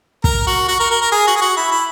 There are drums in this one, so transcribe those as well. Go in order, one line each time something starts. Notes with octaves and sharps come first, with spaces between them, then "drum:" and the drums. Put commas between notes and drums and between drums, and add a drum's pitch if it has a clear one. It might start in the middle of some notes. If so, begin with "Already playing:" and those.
A#4, drum: kick
F#4
F#4
A#4
A#4
A#4
G#4
F#4
G#4
F#4
E4
E4